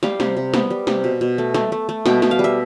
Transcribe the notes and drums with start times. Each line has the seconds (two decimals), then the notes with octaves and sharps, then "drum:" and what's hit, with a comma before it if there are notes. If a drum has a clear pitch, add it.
0.03 G3 F5, drum: snare
0.20 C3, drum: snare
0.37 C3
0.54 B3, drum: snare
0.70 G3
0.87 C3, drum: snare
1.04 B2
1.21 B2
1.38 A3
1.54 A3, drum: snare
1.72 A3
1.89 A3
2.06 B2 G5, drum: snare
2.22 B2, drum: snare
2.31 F5
2.39 G3
2.44 E5